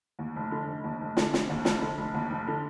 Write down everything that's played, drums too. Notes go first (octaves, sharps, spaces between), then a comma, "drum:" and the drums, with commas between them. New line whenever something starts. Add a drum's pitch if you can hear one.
D#2
F1
D3
F1
D#2
F1
D3, drum: snare
F1, drum: snare
D#2
F1, drum: snare
D3
F1
D#2
F1
D3